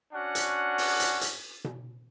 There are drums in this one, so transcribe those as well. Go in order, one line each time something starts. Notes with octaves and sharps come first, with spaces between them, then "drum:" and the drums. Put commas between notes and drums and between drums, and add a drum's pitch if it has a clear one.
C#4 D4 F#4 F#5
drum: hi-hat
drum: open hi-hat
drum: hi-hat
drum: hi-hat
drum: tom B2